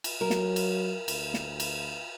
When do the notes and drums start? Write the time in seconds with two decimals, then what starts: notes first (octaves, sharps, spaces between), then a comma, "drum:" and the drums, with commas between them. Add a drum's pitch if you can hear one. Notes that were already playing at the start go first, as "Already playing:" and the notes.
0.04 drum: cymbal
0.21 F#3 A#4
0.30 drum: snare
0.56 drum: cymbal
1.08 D2, drum: cymbal
1.34 drum: snare
1.60 drum: cymbal